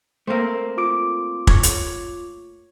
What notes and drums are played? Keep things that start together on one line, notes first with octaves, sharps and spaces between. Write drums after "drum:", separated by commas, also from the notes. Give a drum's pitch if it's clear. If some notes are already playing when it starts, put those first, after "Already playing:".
A3 A#3 C4
F4 D6 D7
C#5, drum: kick
drum: hi-hat